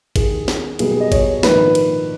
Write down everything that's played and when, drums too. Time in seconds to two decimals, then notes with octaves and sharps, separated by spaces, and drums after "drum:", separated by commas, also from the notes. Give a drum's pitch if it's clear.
0.16 D#2 D#3 A#3 G#4, drum: kick G#1, cymbal
0.48 drum: snare
0.79 B1 B2 G3 B3 G#4, drum: cymbal
0.91 G#4
1.00 D#5
1.12 C#5, drum: kick G#1, cymbal
1.43 A#1 G#2 D#3 B4, drum: snare
1.75 drum: cymbal